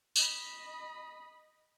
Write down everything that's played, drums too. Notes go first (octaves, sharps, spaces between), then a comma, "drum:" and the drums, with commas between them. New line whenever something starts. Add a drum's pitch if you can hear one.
D#5 B5, drum: tambourine